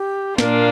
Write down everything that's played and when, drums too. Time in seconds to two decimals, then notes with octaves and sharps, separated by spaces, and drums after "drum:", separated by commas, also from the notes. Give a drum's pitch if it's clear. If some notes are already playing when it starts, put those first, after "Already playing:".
Already playing: G4
0.38 A#2 A#3 D4 F4 A#4, drum: snare